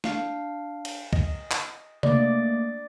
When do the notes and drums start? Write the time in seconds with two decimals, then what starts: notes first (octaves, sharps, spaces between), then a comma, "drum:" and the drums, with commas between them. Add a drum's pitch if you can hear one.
0.04 D4 F5, drum: snare
0.85 drum: cymbal
1.13 D#5, drum: kick
1.51 drum: clap
2.03 A3 A#3 D5 D#5, drum: tom C3